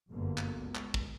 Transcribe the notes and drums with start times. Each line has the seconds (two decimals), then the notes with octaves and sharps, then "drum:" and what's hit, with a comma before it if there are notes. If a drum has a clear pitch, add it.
0.10 G1 F#2 B2 D3 A#3
0.38 drum: clap
0.56 C#2
0.75 drum: clap
0.94 drum: kick